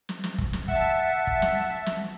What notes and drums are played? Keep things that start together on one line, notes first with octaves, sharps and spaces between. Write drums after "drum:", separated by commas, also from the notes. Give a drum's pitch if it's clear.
drum: snare
drum: snare
drum: kick
drum: snare
E5 F#5 A5, drum: kick
drum: kick
drum: snare
drum: snare